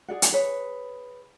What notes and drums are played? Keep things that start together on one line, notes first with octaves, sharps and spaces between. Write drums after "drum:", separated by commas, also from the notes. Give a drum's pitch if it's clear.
G#4 D5 F#5
drum: hi-hat
G#4 B4 C#5